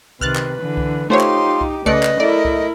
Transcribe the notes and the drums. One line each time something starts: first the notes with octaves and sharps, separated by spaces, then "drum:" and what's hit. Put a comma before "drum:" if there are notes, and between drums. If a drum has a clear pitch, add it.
C3 D#3 B4 F6 F#6 A6, drum: kick C2
drum: clap
D3 E3
drum: kick C2
A3 D#4 F4 G4 C5 C#5 C6
drum: clap
drum: kick C2
C#3 A3 B4 D5 D#5 C#7, drum: kick C2
drum: clap
A3 E4 A#4 D5
drum: kick C2